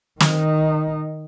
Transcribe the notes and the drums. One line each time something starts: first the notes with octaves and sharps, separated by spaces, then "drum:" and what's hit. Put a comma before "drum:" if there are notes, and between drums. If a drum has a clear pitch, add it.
D#3 D#4, drum: snare